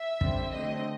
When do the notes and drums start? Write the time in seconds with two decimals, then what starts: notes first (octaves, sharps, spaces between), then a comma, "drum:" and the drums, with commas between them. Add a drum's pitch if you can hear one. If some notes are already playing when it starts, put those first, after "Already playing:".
Already playing: E5
0.21 D3 G3 C4, drum: kick
0.52 D3 F#3 A3 C4 D#5